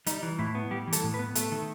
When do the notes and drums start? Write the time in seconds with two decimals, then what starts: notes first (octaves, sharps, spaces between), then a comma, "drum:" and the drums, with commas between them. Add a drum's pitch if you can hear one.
0.07 G3 D#4, drum: hi-hat
0.23 E3
0.39 A2 E4
0.55 B3
0.71 G3 G4
0.87 E3
0.93 A4, drum: hi-hat
1.03 A2
1.14 B4
1.19 B3
1.35 A3 A4, drum: hi-hat
1.52 D#3 A4